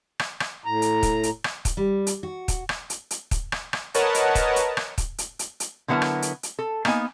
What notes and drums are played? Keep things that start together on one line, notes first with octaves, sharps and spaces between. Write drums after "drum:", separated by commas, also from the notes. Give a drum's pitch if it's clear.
drum: rim click
drum: rim click
A2 A#5
drum: hi-hat
drum: kick, hi-hat
drum: hi-hat
drum: rim click
drum: kick, hi-hat
G3
drum: hi-hat
F#4
drum: kick, hi-hat
drum: rim click
drum: hi-hat
drum: hi-hat
drum: kick, hi-hat
drum: rim click
drum: rim click
A#4 B4 C#5 D#5 F#5 A5, drum: hi-hat
drum: hi-hat
drum: kick, hi-hat
drum: hi-hat
drum: rim click
drum: kick, hi-hat
drum: hi-hat
drum: hi-hat
drum: hi-hat
D3 F#3 B3 E4 A#4 A5
drum: rim click
drum: hi-hat
drum: hi-hat
A4
A#3 B3 D#4 G#5, drum: rim click